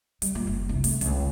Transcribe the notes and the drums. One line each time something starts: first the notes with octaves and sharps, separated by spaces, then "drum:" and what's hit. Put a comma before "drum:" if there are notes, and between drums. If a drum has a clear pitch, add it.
G3, drum: hi-hat
A#2
F#1
C2
A3, drum: open hi-hat
C#2, drum: hi-hat